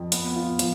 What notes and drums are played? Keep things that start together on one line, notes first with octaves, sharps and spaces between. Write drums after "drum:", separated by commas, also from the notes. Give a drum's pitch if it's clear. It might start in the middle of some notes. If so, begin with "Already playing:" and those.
Already playing: F2
B3, drum: hi-hat
F4
F3, drum: hi-hat